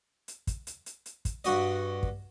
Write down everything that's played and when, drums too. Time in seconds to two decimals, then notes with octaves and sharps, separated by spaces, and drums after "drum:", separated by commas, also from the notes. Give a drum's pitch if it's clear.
0.28 drum: hi-hat
0.47 drum: kick, hi-hat
0.67 drum: hi-hat
0.86 drum: hi-hat
1.06 drum: hi-hat
1.25 drum: kick, hi-hat
1.44 G2 F#4 D#5, drum: hi-hat
2.03 drum: kick